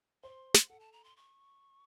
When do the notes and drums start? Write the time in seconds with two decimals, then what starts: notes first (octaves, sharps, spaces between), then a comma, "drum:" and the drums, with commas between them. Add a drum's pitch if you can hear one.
0.23 C5 C6
0.54 drum: snare
0.69 A4 F#5
0.80 A5
0.93 A#5
1.04 C6
1.16 C#6